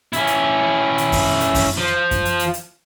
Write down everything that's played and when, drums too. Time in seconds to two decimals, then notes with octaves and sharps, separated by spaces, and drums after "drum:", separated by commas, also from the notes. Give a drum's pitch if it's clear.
0.13 C#4 E4, drum: hi-hat
0.27 drum: hi-hat
0.98 drum: hi-hat
1.12 drum: kick F#2, open hi-hat
1.40 drum: hi-hat
1.55 drum: kick F#2, open hi-hat
1.77 F3
2.11 drum: kick F#2, hi-hat
2.25 drum: hi-hat
2.39 drum: hi-hat
2.54 drum: hi-hat